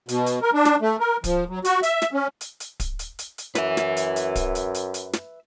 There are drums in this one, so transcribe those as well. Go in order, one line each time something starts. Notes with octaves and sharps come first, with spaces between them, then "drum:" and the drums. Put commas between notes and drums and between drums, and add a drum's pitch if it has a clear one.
B2, drum: hi-hat
drum: hi-hat
A#4
D4
drum: snare
A3
A#4
F3, drum: kick D1, hi-hat
F#3
F#4, drum: hi-hat
E5, drum: hi-hat
drum: snare
C#4
drum: hi-hat
drum: hi-hat
drum: kick D1, hi-hat
drum: hi-hat
drum: hi-hat
drum: hi-hat
F#2 B4 E5, drum: snare
drum: snare
drum: hi-hat
drum: hi-hat
drum: kick D1, hi-hat
drum: hi-hat
drum: hi-hat
drum: hi-hat
drum: snare